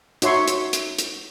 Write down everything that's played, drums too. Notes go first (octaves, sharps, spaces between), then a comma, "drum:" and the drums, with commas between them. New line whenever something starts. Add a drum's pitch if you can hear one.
D#4 F#4 C#5 E5 C6 C#6, drum: hi-hat
drum: hi-hat
drum: hi-hat
drum: hi-hat